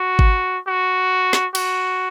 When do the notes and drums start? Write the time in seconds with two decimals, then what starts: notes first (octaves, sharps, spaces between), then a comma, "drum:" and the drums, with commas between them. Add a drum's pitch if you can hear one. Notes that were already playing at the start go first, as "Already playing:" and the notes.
Already playing: F#4
0.19 drum: kick G#1
0.68 F#4
1.33 drum: snare
1.55 F#4, drum: cymbal